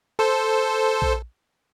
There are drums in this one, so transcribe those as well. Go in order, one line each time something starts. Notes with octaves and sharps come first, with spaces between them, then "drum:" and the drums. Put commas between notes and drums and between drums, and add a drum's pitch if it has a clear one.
A4 C5
drum: kick A#1